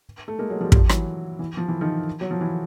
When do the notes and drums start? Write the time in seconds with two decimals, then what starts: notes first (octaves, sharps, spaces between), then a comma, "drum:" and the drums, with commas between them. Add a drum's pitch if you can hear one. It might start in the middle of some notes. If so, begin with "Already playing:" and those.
0.28 A3
0.38 G#3 A#3
0.50 F#3 G#3
0.61 F3 G3
0.72 F3 G3, drum: kick
0.89 E3 F#3, drum: rim click
1.39 E3
1.57 F3
1.69 E3
1.81 D#3 F3
2.21 F#3
2.31 F3
2.41 E3